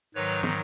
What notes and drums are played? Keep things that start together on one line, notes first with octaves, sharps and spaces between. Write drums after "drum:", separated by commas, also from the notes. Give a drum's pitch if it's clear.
G#2 D#3 F#3 B4 C#5
drum: tom